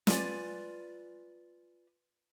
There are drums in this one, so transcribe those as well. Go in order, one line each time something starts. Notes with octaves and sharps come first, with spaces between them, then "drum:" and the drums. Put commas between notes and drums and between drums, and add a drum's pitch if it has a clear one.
F4 B4 D5 G#5, drum: snare